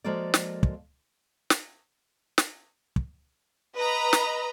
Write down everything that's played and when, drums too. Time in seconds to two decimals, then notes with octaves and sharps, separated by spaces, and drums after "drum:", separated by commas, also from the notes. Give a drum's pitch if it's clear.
0.04 F3 G#3 A#3 F#4 A4 D5
0.34 drum: snare
0.63 drum: kick
1.50 drum: snare
2.38 drum: snare
2.96 drum: kick
3.75 B4 D#5 A#5 B5
4.13 drum: snare